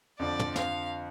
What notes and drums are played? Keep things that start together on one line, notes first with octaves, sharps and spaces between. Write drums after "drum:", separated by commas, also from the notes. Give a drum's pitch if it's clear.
F2 D3 F3 D5
drum: tom
F5, drum: snare